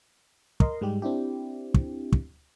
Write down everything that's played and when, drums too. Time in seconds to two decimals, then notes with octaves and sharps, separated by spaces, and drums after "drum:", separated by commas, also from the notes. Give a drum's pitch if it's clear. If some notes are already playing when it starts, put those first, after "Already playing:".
0.60 A#4 D#5 C6, drum: kick
0.81 G#2 G3 G#3 G4
1.02 C4 D4 E4 G4
1.74 drum: kick
2.12 drum: kick